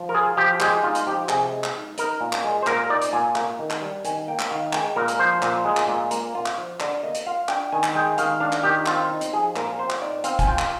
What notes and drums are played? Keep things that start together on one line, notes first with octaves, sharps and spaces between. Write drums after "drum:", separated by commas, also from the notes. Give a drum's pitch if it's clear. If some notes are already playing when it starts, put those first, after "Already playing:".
Already playing: F3
A#4
F4 G#4
F3 G4
G#3 G4, drum: clap
D#4 F4
drum: hi-hat
F3 G4
C3 G#4, drum: clap
G#3
drum: clap
D#4
D#4 A#4, drum: hi-hat
A#2
drum: clap
G#3
C5
A#2 A#4, drum: clap
D#4 D5
drum: hi-hat
A#2 G#5
A#3, drum: clap
D#3
drum: clap
G3
D#3 G#5, drum: hi-hat
A#3 G5
drum: clap
D#3 F5
G#3 G5, drum: clap
A#2 A#4
drum: hi-hat
F3 C5
A#2, drum: clap
G#3
drum: clap
A#2
A#3, drum: hi-hat
F4
drum: clap
F3
D3 D5, drum: clap
A#3 D#5
drum: hi-hat
F4 F5
D4 G5, drum: clap
D#3 G#5
drum: clap
G#3 G5
D#3 F5, drum: hi-hat
D4 F5
drum: clap
D#3 G4
C4 F4, drum: clap
D#4
drum: hi-hat
F3 G#4
A#2 A#4, drum: clap
C4 C5
drum: clap
D#4 D5
C4 F5, drum: hi-hat
G#5, drum: kick, hi-hat
F4 G5
drum: clap